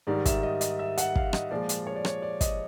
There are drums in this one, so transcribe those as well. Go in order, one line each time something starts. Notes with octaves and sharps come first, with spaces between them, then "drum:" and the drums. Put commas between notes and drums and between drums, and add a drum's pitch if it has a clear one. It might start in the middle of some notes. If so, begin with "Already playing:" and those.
G#2 D#3 G3 D5
E5, drum: kick, hi-hat
D#5
D#5, drum: hi-hat
E5
F#5, drum: hi-hat
F5, drum: kick
D#5, drum: rim click
A#2 F3 G#3 D5
drum: hi-hat
C#5
D5
C#5, drum: rim click
D5
D#5, drum: kick, hi-hat